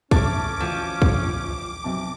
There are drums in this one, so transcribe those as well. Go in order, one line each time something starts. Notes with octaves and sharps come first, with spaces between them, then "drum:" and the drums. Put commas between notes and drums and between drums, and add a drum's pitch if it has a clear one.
A3 C#4 D6, drum: kick
A1 D2 F3
drum: kick
B1 C3 A5